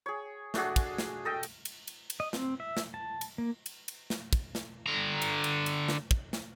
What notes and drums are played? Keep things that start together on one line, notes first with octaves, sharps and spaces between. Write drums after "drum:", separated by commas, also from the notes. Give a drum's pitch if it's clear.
G#4 C#5
A3 D4 F#4 G#4, drum: snare
drum: kick, cymbal
drum: snare
A4 D#5 G5
drum: cymbal
drum: cymbal
drum: cymbal
drum: cymbal
D#5
C4, drum: snare
E5
drum: snare
A5
drum: cymbal
A#3
drum: cymbal
drum: cymbal
drum: snare
drum: kick, cymbal
drum: snare
D3 A#5
drum: cymbal
drum: cymbal
drum: cymbal
drum: snare
drum: kick
drum: snare